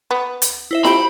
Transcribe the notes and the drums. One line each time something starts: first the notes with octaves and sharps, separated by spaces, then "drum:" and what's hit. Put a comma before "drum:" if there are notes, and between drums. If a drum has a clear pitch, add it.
B3
drum: hi-hat
E4 C5 E5
G4 G5 B5, drum: snare F4